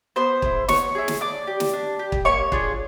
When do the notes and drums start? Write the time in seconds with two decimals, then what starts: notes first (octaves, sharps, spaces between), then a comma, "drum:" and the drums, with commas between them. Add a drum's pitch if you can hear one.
0.16 B3 C5 C6
0.42 E4 G#4, drum: kick
0.68 B3 C#5 C#6, drum: snare
0.95 E4 G#4
1.08 drum: snare
1.21 D4 D5 D6
1.47 G4
1.60 drum: snare
1.73 D4
1.99 G4
2.12 drum: kick
2.25 A#3 C#5 C#6
2.52 D4 F4 G#4, drum: kick